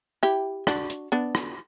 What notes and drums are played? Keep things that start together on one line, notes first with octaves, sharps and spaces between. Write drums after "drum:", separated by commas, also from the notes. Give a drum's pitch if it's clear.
E4 G4
D4 F#4, drum: rim click
drum: hi-hat
B3 D4
drum: rim click